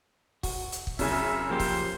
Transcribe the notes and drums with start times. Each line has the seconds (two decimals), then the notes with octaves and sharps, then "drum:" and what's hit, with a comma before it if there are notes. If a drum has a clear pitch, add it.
0.43 F#4, drum: kick, open hi-hat
0.72 drum: hi-hat
0.87 drum: kick
0.99 F#2 C#3 E5 G#5, drum: kick, open hi-hat
1.50 F3 A#3 G4 C5
1.60 drum: kick, open hi-hat